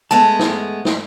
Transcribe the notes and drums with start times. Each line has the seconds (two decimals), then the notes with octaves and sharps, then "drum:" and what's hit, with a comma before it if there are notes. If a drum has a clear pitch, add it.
0.11 G#3 A3 B3 A5
0.39 drum: snare
0.85 drum: snare